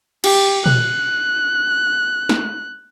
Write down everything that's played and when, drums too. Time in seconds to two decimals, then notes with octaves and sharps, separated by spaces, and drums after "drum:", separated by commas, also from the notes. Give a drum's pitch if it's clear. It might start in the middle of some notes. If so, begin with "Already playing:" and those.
0.24 G4, drum: cymbal
0.66 F#6, drum: tom
2.29 drum: snare